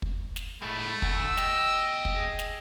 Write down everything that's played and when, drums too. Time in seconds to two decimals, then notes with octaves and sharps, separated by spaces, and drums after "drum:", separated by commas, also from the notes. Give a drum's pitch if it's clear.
0.02 drum: kick
0.36 drum: snare
0.62 A2 G#3 A3 B5
1.02 D2 E6, drum: kick
1.37 B2 G4 D#5, drum: snare
2.05 drum: kick
2.16 G#4
2.39 drum: snare